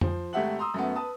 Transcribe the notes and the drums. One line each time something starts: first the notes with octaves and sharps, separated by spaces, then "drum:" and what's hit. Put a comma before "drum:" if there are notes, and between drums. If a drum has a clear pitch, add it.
F3 C5, drum: tom F2
G#1 A3 G4 E5 F#5 F#7
A#5 C6 D#6 E6
F#2 A3 B3
B4 A5 D#6